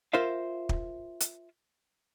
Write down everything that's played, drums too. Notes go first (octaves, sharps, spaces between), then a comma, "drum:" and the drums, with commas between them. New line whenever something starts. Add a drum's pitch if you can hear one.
F4 A#4 C5 E5 F5
drum: kick
drum: hi-hat